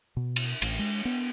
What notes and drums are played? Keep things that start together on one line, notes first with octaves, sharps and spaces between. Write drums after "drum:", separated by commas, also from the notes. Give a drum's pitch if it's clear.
B2
drum: cymbal
A1, drum: cymbal
G#3
B3